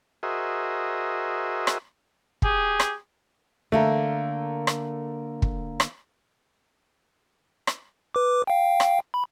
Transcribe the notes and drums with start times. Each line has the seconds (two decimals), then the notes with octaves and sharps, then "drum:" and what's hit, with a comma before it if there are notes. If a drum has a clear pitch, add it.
0.23 F#4 G#4 A#4 C5 D#5 E5
1.67 drum: rim click
2.42 G4 G#4, drum: kick
2.80 drum: rim click
3.72 D3 A3 A#3 A#4
4.67 drum: rim click
5.42 drum: kick
5.80 drum: rim click
7.67 drum: rim click
8.15 B4 D6
8.47 F5 G5
8.80 drum: rim click
9.14 B5